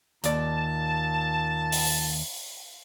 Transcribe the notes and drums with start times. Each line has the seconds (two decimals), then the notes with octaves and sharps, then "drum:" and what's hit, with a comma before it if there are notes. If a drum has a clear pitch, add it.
0.24 D#2 A#2 D5 A5, drum: hi-hat
1.72 drum: open hi-hat